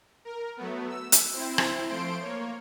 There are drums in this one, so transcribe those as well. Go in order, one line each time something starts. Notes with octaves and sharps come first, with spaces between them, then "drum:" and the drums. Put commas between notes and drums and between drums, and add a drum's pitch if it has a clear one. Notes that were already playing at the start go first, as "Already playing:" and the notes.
A#4
F#3 A3 B3
E6
drum: hi-hat
C4 E4 C5
drum: rim click
F3 A3 C5 C6 D7
A#3 C#5